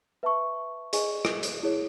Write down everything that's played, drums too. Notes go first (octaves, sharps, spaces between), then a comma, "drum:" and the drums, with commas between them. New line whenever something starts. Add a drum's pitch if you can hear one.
B4 E5 A5 C#6
G#4 D#5 G#5 C#6, drum: hi-hat
drum: rim click
drum: hi-hat
E4 G#4 C#5